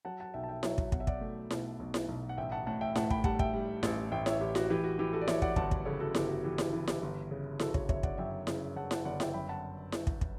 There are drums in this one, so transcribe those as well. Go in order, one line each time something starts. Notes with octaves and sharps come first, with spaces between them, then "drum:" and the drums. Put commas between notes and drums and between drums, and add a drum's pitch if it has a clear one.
F#3 F#5 A5
F#5 A5
B1 E5 G5
A5
E5 G5
F#3 C#5 E5, drum: snare E4
drum: kick
B2 F#5, drum: kick
E5
D5 F#5, drum: kick
A3
B2, drum: snare E4
B1
drum: snare E4
B1
F#5
A1 E5 G5
F#5 A5
A2 F#5 A5
E5 G5
A2 F#5 A5, drum: snare E4
G5 B5, drum: kick
G3 F#5 A5, drum: kick
E5 G5, drum: kick
G3
A1, drum: snare E4
A1 E5 G5
C#5 E5, drum: snare E4
A1 G4
F#4, drum: snare E4
E3 G4
F#4
E3 G4
F#4 A4
D5
E3 C#5 E5, drum: snare E4
D5 F#5, drum: kick
G1 F#5 A5, drum: kick
drum: kick
C#3 A4 C#5
F#4 A4
G1 G4, drum: snare E4
F#4
E3 G4
G4, drum: snare E4
E3 G4
G4, drum: snare E4
G1
C#3
C#3 F#4 A4, drum: snare E4
A4 C#5, drum: kick
G1 C#5 E5, drum: kick
D5 F#5, drum: kick
F#2 E5 G5
C#3, drum: snare E4
C#3 F#5 A5
F#5 A5, drum: snare E4
G1 D5 F#5
E5 G5, drum: snare E4
F#2 G5 B5
F#5 A5
drum: snare E4
drum: kick
drum: kick